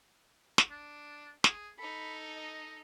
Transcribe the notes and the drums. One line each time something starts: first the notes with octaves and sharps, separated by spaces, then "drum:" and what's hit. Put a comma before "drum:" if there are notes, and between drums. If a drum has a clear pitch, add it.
drum: snare
D4
G#4, drum: snare
D#4 A4 B5
D#5